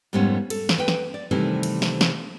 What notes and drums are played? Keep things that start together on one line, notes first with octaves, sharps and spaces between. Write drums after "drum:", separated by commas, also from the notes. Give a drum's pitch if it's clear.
F2 G#2 G3 A#3 B3 C#4
A4, drum: cymbal
drum: snare
B4 G5
drum: snare
D5
C3 D#3 E3 G3 A3 C4
drum: cymbal
drum: snare
drum: snare